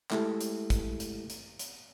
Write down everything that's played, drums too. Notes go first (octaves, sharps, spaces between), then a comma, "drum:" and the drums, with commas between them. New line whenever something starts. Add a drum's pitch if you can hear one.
G#3 A3 E4 G4 A4, drum: clap
drum: hi-hat
drum: kick, hi-hat
drum: hi-hat
drum: hi-hat
drum: hi-hat